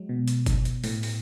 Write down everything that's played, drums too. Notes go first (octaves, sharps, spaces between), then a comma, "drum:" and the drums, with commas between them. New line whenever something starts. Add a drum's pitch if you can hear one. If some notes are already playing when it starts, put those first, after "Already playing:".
Already playing: F#3 G#3
B2
drum: hi-hat
drum: kick G1, hi-hat
drum: hi-hat
A2, drum: open hi-hat
drum: open hi-hat